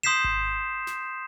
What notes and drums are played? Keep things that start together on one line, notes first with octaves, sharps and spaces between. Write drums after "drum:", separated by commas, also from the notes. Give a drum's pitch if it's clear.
C6 D#6 G6 B6 C7 E7
drum: kick G#1
drum: snare